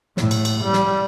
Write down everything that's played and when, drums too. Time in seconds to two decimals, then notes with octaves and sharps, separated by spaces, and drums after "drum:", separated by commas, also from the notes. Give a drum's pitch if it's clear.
0.17 A2, drum: snare
0.31 drum: cymbal
0.45 drum: cymbal
0.64 G3
0.73 drum: snare